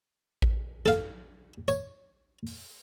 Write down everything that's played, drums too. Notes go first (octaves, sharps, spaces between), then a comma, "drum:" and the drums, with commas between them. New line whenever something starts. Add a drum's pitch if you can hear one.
drum: kick A1
A4 F5, drum: snare
C#5, drum: tambourine
drum: open hi-hat